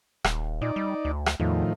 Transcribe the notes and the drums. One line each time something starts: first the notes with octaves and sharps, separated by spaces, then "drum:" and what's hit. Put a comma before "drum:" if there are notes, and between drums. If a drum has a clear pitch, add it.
D#1, drum: rim click
A#2 D#4 D5
G3
D2
drum: rim click
E2 A2 D#3 F3